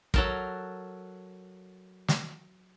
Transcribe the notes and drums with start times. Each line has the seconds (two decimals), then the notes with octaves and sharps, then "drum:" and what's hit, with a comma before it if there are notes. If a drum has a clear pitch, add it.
0.14 F#3 A4 A#4, drum: kick
2.08 drum: snare